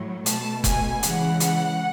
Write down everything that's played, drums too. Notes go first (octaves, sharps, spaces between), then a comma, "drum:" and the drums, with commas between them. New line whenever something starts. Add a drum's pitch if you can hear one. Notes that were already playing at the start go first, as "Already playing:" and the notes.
Already playing: A2 F#3
B2 A3 A5, drum: hi-hat
G#5, drum: kick F1, hi-hat
C#3 E3 G#3 F#5, drum: hi-hat
drum: hi-hat